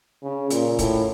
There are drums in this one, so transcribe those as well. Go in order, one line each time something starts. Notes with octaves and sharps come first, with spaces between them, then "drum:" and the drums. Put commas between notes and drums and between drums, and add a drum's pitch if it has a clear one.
C#3
A#2, drum: hi-hat
A2, drum: kick, hi-hat